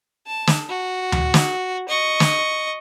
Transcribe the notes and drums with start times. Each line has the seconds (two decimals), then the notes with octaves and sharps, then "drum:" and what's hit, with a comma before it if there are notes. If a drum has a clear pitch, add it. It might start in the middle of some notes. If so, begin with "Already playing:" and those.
0.27 A5
0.47 drum: snare
0.69 F#4
1.12 drum: tom D2
1.34 drum: snare
1.88 D#5 C#6
2.20 drum: snare